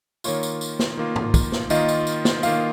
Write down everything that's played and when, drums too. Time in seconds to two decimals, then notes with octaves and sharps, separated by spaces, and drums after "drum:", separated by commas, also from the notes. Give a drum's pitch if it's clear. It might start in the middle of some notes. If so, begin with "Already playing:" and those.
0.24 D#3 A#3 F4 C#5, drum: tambourine
0.43 drum: tambourine
0.61 drum: tambourine
0.79 drum: snare
0.97 D#3 A#3 F4
1.16 drum: tom G#2
1.34 drum: kick, tambourine
1.52 drum: snare
1.70 D#3 A#3 F4 D#5, drum: tambourine
1.89 drum: tambourine
2.07 drum: tambourine
2.25 drum: snare
2.43 D#3 A#3 F4 F5, drum: tambourine